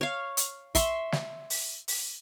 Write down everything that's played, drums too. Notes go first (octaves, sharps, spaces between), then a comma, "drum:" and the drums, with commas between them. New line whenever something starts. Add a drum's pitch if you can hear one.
C#5 F5
drum: hi-hat
E5 C6 C#6, drum: kick, hi-hat
drum: snare
drum: open hi-hat
drum: open hi-hat